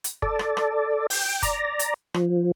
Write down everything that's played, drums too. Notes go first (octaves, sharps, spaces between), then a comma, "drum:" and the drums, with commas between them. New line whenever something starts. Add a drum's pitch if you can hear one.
drum: hi-hat
A4 D5, drum: kick
drum: rim click
drum: rim click
G5, drum: open hi-hat
D5 A#5, drum: kick, hi-hat
drum: hi-hat
F3, drum: rim click